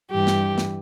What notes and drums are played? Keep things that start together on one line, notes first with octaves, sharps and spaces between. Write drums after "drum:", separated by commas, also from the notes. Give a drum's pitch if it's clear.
G2 E3 G4
drum: snare
drum: snare